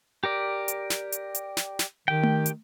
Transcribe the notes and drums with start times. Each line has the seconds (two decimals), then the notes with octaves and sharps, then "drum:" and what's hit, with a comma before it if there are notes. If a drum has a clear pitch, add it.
0.24 G4 A#4 D5
0.68 drum: hi-hat
0.90 drum: snare
1.12 drum: hi-hat
1.35 drum: hi-hat
1.57 drum: snare
1.79 drum: snare
2.08 D#3 G4 G5
2.23 drum: tom A3
2.46 drum: hi-hat